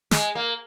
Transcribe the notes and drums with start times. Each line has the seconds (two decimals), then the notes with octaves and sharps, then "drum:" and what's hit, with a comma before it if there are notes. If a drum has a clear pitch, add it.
0.11 G#3, drum: snare
0.35 A#3